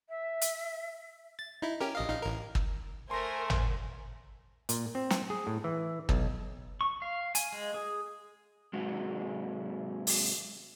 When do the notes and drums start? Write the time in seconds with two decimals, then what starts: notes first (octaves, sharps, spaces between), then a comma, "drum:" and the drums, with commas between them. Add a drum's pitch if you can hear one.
0.09 E5
0.42 drum: hi-hat
1.39 A6
1.62 D#4 E4
1.81 C#4 G4 A#4
1.95 A#1 D#5 F5
2.09 A#1 D#4 F5
2.22 A1 A#4
2.55 drum: kick
3.11 A3 A#4 C5 G#5 C6 A#6
3.50 drum: tom
4.69 A#2, drum: hi-hat
4.95 C4
5.10 drum: snare
5.30 G#4
5.47 A2
5.64 E3
6.09 B1, drum: kick
6.81 C#6
7.02 F5
7.35 G#5, drum: hi-hat
7.52 G#3
7.74 G#4
8.73 G#2 C3 F#3 G#3
10.07 drum: open hi-hat